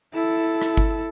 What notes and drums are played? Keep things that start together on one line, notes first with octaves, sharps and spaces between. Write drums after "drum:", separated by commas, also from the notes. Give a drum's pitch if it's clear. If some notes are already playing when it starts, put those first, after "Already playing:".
E4 A4
drum: rim click
drum: kick G1